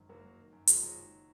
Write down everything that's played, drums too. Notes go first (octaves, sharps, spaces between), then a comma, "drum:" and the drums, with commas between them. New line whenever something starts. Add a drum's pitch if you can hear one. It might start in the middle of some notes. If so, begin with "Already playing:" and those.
Already playing: G#1 F#2 D#3
F#1 F#3 A#3
F#1
D#3
F#2
F#1 F3 G#3, drum: hi-hat
F#1 F#3
D#3